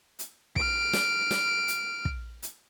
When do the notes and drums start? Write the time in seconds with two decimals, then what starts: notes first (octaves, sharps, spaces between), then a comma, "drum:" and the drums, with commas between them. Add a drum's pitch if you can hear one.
0.19 drum: hi-hat
0.56 F6 D7, drum: kick
0.93 drum: snare
1.31 drum: snare
1.68 drum: hi-hat
2.05 drum: kick
2.43 drum: hi-hat